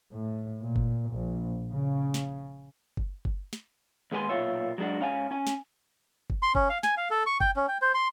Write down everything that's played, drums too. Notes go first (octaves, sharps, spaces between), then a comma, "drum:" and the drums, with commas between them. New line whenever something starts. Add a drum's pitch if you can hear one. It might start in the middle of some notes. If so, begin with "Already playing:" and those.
A2
A#2
drum: kick G1
A#1
C#3
drum: snare
drum: kick G1
drum: kick G1
drum: snare
D#2 G#3 B3 E4 G#5 C6
B1 F2 A#2 F4 C#5 E5
F#3 G#3 C4 D4 F#4
G#2 C#4 F5 F#5 G#5
C#4 G#5
drum: snare
drum: kick G1
C6
C#4, drum: kick G1
F5
G#5, drum: snare
F5
A4
C#6
G5, drum: kick G1
C#4
G5
C5
C6